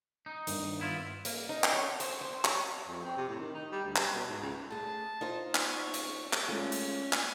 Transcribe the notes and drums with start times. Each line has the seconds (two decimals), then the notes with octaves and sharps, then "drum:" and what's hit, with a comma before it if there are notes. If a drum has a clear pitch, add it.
0.26 D#4
0.47 G2 D#3, drum: hi-hat
0.80 B3 E4 F4
1.25 A#3, drum: hi-hat
1.49 D#4
1.64 drum: clap
1.73 C#5
2.00 C5, drum: hi-hat
2.21 C5
2.45 C#5, drum: clap
2.88 F2
3.05 C4
3.17 C3
3.29 A2
3.40 D#3
3.54 D#4
3.72 G3
3.85 D2
3.96 G3, drum: clap
4.14 B2
4.29 G#2
4.41 C#2
4.70 A3 G#4 A5
5.21 D#4 F4 C5
5.55 drum: clap
5.71 C#6
5.94 drum: hi-hat
6.33 drum: clap
6.48 G#3 A3 C#4 F4
6.72 drum: hi-hat
7.13 G#5, drum: clap